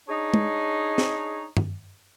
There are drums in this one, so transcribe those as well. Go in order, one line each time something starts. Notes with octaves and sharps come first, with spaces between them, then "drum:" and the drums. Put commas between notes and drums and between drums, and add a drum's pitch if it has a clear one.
D4 D#4 G#4 C#5
drum: tom G#3
drum: snare
drum: tom G2